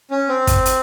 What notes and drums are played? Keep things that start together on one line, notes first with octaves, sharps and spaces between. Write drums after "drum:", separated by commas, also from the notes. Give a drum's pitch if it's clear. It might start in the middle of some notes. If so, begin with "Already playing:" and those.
C#4
C4
drum: kick, hi-hat
drum: hi-hat